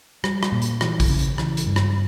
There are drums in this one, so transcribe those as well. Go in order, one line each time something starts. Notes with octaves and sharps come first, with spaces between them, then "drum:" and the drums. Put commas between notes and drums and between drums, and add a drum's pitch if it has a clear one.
G3, drum: rim click
drum: rim click
A#2
drum: hi-hat
E3, drum: rim click
drum: kick, open hi-hat
C#3
drum: hi-hat
E3, drum: rim click
drum: hi-hat
G2
drum: rim click